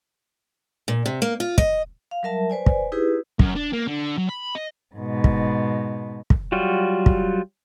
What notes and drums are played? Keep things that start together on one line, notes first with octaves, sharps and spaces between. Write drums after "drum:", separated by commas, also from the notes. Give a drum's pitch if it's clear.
A#2
C3
A#3
F4
D#5, drum: kick
F5
F#3 G3 A#4 E5 A5
B4 C5 D5 G#5
drum: kick
D#4 E4 G4 G#4 B4
F#2, drum: kick
D4
A#3
D3
F#3
B5
D#5
G#2 B2
drum: kick
drum: kick
F#3 G3 F4 F#4
drum: kick